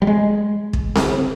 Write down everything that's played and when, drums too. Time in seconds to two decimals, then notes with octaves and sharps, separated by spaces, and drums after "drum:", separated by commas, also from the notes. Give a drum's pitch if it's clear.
0.02 G3
0.07 G#3
0.73 drum: kick
0.95 drum: snare C4